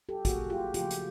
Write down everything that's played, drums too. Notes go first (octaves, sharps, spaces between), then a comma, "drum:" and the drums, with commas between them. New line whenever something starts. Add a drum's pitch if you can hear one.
G4 A4
A#2 F#3 A#3 F#4 G#4, drum: kick A1, hi-hat
F4 G4
C#3 F3 A3 F4 G4, drum: hi-hat
drum: hi-hat